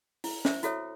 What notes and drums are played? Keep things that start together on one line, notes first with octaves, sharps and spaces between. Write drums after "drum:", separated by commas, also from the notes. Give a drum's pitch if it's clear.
E4, drum: open hi-hat
C5 E5, drum: snare
E4 F#4 A4 C#5 E5, drum: hi-hat